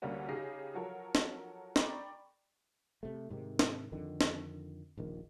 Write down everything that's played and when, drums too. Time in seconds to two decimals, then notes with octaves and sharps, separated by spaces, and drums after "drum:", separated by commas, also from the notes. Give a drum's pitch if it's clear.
0.02 D2 D3 G3 A#3 C#4 F#4
0.29 C#3 D#4 G4 G#4 A#6 C7
0.74 F3 F#3 F#4 A4 A#4 C#5
1.15 drum: snare
1.76 D5 G5 A#5 B5 C#6, drum: snare
3.03 C3 A3
3.30 G#2 C3 D#3
3.59 drum: snare
3.92 F2 D3 D#3
4.21 drum: snare
4.98 D#1 A#1 D#3